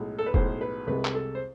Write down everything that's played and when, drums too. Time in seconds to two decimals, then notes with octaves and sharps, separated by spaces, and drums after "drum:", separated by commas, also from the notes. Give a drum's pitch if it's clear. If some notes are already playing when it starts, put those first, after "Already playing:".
Already playing: B1 A2 G#3
0.18 A4
0.26 B4
0.34 B1 A2 G#3 C5, drum: kick F1
0.61 B4
0.87 C2 C3 G#3 B4
1.05 drum: clap
1.14 A4
1.35 C5